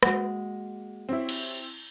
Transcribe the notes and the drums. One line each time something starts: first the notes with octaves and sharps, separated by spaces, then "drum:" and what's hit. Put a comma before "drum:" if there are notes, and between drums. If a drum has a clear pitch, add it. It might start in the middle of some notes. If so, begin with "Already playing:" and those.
G#3 A#3 F#4 F#5, drum: rim click
C4 E4 G4 C#5
drum: cymbal